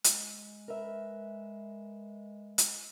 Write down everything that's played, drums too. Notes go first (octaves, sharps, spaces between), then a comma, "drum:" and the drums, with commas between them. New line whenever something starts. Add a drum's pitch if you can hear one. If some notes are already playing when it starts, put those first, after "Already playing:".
G#3, drum: hi-hat
A#4 B4 E5
drum: hi-hat